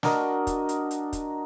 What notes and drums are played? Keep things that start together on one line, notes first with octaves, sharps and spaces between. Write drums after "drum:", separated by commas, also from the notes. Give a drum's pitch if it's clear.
D4 F#4 A#4 D#5, drum: snare
drum: kick, hi-hat
drum: hi-hat
drum: hi-hat
drum: kick, hi-hat